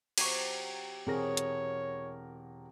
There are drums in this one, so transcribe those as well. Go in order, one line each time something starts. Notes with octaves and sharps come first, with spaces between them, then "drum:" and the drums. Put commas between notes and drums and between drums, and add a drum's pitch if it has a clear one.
C3 F#3 G4 C#6 G#6, drum: cymbal
E1 C4 G#4 A#4 C#5 A#6
drum: hi-hat